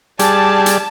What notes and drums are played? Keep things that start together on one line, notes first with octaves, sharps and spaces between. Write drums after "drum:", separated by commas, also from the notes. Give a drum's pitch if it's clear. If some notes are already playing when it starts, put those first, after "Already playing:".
G3 G#4 D5 A5, drum: hi-hat
drum: hi-hat